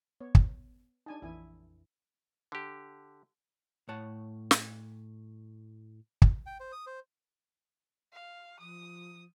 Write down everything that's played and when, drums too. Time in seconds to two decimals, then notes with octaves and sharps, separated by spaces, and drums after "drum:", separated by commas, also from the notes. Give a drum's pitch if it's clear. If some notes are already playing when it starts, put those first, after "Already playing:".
0.21 B3 C#5
0.35 drum: kick
1.06 D4 D#4 G#5 A5
1.22 A#1 F2 E3 E4 G#5
2.52 D3 G4
3.89 A2 C#5 F#5 A5
4.51 drum: snare
6.22 drum: kick
6.46 G5
6.60 C5
6.72 D#6
6.87 C5
8.12 F5
8.60 F3 D#6